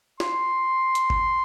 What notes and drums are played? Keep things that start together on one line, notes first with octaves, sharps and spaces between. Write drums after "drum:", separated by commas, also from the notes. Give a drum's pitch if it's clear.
C6, drum: snare
drum: hi-hat
drum: kick F#1